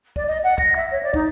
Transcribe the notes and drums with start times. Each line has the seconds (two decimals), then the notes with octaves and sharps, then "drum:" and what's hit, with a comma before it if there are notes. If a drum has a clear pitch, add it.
0.16 D5, drum: kick
0.27 D#5
0.43 F#5
0.58 A#6, drum: kick
0.75 E5
0.91 C#5
1.02 D5
1.14 D#4, drum: kick